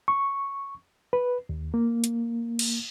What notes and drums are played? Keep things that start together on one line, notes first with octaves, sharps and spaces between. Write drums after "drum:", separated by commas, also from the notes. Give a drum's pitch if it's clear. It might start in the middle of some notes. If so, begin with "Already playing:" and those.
C#6
B4
D#2
A#3
drum: hi-hat
drum: cymbal